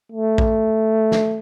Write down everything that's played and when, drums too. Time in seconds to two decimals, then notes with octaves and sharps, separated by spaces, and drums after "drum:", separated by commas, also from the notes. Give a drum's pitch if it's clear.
0.12 A3
0.38 drum: kick A#1
1.12 drum: snare